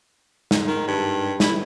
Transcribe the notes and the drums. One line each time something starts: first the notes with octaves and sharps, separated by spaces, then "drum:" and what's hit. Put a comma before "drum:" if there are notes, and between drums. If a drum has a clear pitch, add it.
G#2, drum: snare
D#3
G2
E4, drum: snare